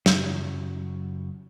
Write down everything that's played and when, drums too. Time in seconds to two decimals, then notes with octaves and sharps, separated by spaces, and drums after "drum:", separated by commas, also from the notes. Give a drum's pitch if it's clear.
0.06 F#2 C#3 F#3, drum: snare